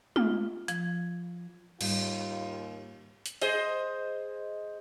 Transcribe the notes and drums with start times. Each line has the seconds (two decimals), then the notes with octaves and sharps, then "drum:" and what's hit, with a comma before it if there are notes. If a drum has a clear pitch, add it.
0.16 F4, drum: tom G#3
0.68 F3, drum: hi-hat
1.81 D#2 G#2 G3 F4, drum: cymbal
3.26 drum: hi-hat
3.41 G#4 C5 D#5, drum: hi-hat